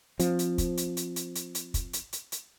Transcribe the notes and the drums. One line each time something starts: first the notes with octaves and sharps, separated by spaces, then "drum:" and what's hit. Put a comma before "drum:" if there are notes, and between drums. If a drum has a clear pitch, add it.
F3 C4, drum: hi-hat
drum: hi-hat
drum: kick, hi-hat
drum: hi-hat
drum: hi-hat
drum: hi-hat
drum: hi-hat
drum: hi-hat
drum: kick, hi-hat
drum: hi-hat
drum: hi-hat
drum: hi-hat